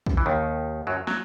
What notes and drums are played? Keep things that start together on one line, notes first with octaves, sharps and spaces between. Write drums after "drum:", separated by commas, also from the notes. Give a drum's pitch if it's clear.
drum: kick
E3
D#2 D#3
F#2 F#3
F#3, drum: snare